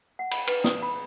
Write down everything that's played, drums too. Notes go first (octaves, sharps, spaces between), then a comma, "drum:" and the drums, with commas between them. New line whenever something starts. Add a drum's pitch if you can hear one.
F#5
B5, drum: cymbal
B4, drum: cymbal
D#6, drum: snare
B5